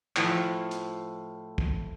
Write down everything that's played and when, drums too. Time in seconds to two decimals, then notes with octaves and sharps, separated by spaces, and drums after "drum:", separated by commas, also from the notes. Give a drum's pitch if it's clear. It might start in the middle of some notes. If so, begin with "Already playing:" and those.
0.16 A2 F3, drum: clap
0.71 drum: hi-hat
1.58 drum: kick